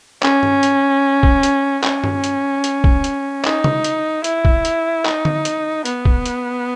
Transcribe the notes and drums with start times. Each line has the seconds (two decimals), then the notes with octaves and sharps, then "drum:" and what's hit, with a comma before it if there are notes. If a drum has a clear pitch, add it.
0.23 C#4, drum: clap
0.43 drum: tom G2
0.63 drum: hi-hat
1.23 drum: kick
1.43 drum: hi-hat
1.84 C#4, drum: clap
2.04 drum: tom G2
2.24 drum: hi-hat
2.64 drum: hi-hat
2.84 drum: kick
3.04 drum: hi-hat
3.45 D#4, drum: clap
3.64 drum: tom C3
3.84 drum: hi-hat
4.24 E4, drum: hi-hat
4.45 drum: kick
4.65 drum: hi-hat
5.05 D#4, drum: clap
5.25 drum: tom D3
5.45 drum: hi-hat
5.85 B3, drum: hi-hat
6.05 drum: kick
6.26 drum: hi-hat